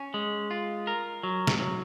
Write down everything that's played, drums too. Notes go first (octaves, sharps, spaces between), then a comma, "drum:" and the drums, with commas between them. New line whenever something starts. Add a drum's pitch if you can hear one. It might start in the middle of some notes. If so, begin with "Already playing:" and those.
Already playing: C#4
G#3
F4
A#4
F#3
drum: snare
F#3